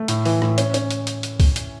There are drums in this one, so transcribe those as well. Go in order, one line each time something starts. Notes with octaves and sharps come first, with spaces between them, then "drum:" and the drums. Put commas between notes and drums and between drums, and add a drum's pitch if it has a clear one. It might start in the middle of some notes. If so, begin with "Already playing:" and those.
Already playing: A3
A2, drum: hi-hat
E3, drum: open hi-hat
A2, drum: rim click
C#4, drum: hi-hat
C#4, drum: hi-hat
drum: hi-hat
drum: hi-hat
drum: hi-hat
drum: kick C#2, open hi-hat
drum: hi-hat